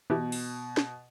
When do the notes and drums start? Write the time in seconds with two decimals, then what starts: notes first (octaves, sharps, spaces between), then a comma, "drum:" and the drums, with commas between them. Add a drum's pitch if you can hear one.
0.10 B2 E3 B3 E4 G4
0.32 drum: open hi-hat
0.77 drum: snare